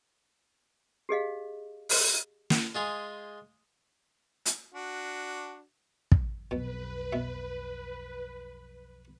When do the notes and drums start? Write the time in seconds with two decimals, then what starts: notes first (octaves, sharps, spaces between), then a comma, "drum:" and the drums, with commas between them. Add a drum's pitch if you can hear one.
1.09 G4 G#4 D#5 F5
1.89 drum: open hi-hat
2.50 drum: snare
2.75 G#3 F4 G#4
4.46 drum: hi-hat
4.74 D4 F#4
6.12 drum: kick
6.51 B1 F2 B2 B4
7.12 B2 E5